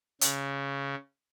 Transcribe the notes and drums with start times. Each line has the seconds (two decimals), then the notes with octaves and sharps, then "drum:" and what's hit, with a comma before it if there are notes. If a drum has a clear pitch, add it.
0.21 C#3, drum: hi-hat